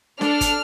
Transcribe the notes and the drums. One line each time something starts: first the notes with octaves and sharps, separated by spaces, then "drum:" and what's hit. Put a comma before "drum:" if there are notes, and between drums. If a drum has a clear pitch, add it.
D4 A4 F6, drum: snare
drum: kick, hi-hat